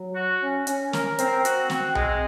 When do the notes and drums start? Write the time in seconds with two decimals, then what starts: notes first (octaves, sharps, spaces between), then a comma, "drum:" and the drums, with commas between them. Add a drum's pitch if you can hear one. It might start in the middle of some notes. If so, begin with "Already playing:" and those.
Already playing: F#3
0.16 F#4
0.42 C#4
0.67 C#4, drum: hi-hat
0.93 A#4, drum: snare
1.19 C4, drum: hi-hat
1.45 F#4, drum: hi-hat
1.70 C4, drum: snare
1.95 G#3, drum: tom B1